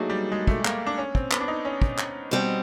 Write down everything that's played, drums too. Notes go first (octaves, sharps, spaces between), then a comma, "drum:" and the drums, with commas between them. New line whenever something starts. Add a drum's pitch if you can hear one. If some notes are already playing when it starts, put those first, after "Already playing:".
Already playing: F#3 A3 A#3 D4 D#4 G#4
G3
G#3
A3, drum: kick
A#3, drum: clap
D4
C#4
C4, drum: kick
B3, drum: clap
D4
D#4
C#4
drum: kick
drum: clap
B2 G3 C4